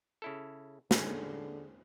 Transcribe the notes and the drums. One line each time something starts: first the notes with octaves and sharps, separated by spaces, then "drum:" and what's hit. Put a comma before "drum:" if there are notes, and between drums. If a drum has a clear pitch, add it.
C#3 E4 A4
D3 G#3 C4 C#4 F4 C5, drum: snare